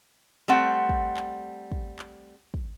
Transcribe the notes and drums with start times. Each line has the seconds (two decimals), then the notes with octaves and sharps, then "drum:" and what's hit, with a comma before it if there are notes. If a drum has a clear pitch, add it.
0.48 G3 A3 C4 F#5
0.89 drum: kick
1.17 drum: clap
1.72 drum: kick
1.99 drum: clap
2.54 drum: kick